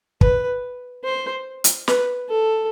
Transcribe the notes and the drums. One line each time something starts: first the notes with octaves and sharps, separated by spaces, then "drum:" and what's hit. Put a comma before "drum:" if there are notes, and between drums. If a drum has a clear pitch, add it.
B4, drum: kick
C5
drum: hi-hat
B4, drum: snare
A4